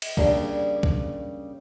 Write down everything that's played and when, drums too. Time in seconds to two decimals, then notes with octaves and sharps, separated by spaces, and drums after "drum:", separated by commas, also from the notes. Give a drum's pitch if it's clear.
0.02 drum: cymbal
0.17 C#3 G3 A#3 D4 G4, drum: kick C2
0.83 drum: kick C2